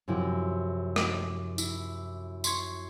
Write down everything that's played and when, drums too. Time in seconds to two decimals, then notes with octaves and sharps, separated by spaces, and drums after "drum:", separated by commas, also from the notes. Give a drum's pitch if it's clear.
0.08 F#2 C3 F3 E4
0.96 D6, drum: rim click
1.58 E4, drum: tambourine
2.44 C6 C#6 G#6 C#7, drum: tambourine